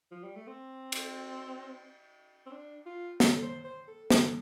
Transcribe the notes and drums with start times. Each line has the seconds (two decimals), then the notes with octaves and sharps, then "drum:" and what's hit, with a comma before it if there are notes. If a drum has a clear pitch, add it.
0.11 F3
0.24 G3
0.36 A3
0.48 C4
0.92 drum: cymbal
2.46 C4
2.52 D4
2.86 F4
3.20 A4, drum: snare
3.43 C5
3.65 C5
3.88 A4
4.10 A4, drum: snare